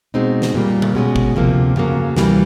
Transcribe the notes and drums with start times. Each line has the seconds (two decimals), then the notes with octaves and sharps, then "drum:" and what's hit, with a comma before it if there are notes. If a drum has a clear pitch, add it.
0.14 B2 G#3 C4 D#4
0.42 drum: snare
0.54 A#2 G3 A#3
0.82 drum: tom D3
0.95 B2 G#3 C#4
1.16 drum: kick G#1
1.36 D2 C3 F3 A#3
1.76 F2 C#3 F#3 A#3, drum: tom G2
2.17 D2 C3 E3 G3 A#3, drum: snare